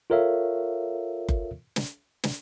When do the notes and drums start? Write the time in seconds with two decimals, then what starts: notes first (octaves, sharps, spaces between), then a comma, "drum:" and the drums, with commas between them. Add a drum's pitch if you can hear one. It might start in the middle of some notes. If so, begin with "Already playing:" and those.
0.10 F4 A4 A#4 C#5 E5 F5
1.29 drum: kick F#1
1.76 drum: snare
2.24 drum: snare